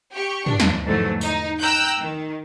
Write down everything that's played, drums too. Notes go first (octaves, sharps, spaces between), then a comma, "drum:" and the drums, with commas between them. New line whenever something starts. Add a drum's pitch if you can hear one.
G4 C#6
D4, drum: tom
drum: snare
E2 G#2 D3 F3 F#3 A3
D#4, drum: tambourine
G5 A#5 E6 F#6 G6
D#3